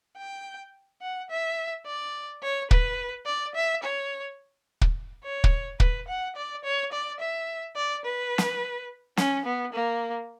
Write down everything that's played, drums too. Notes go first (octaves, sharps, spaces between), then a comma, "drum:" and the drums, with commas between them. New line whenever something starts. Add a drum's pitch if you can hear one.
G5
F#5
E5
D5
C#5
B4, drum: kick
D5
E5
C#5
drum: kick
C#5
drum: kick
B4, drum: kick
F#5
D5
C#5
D5
E5
D5
B4
drum: snare
C#4, drum: snare
B3
A#3